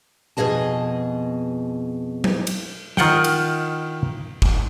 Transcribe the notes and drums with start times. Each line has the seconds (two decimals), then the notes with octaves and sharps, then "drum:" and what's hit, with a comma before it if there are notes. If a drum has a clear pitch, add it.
0.37 F2 B2 F#3 G#4 D#5 A5
2.24 drum: tom F#3
2.47 drum: cymbal
2.97 D#3 F4 F#5 G5, drum: snare
3.24 drum: cymbal
4.42 drum: kick